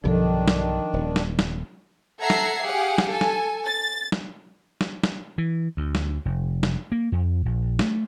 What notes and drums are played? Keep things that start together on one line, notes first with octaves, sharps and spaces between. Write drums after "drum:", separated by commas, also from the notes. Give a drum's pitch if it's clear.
B1 G2 D3 D#3 F3 D4 A4
drum: snare
D#1
drum: snare
drum: snare
A4 E5 F#5 A#5 G#6 C7
drum: snare
G4 G#4 F5 F#5
drum: snare
A4 G#5
drum: snare
A6
drum: snare
drum: snare
drum: snare
E3
D2
drum: snare
F1
drum: snare
A#3
F2
A#1
A3, drum: snare